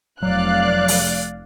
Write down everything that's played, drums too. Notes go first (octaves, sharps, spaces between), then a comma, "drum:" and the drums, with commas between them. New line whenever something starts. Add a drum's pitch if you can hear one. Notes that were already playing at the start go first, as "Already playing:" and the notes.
F1 F#3 D5 F5 F#6
drum: open hi-hat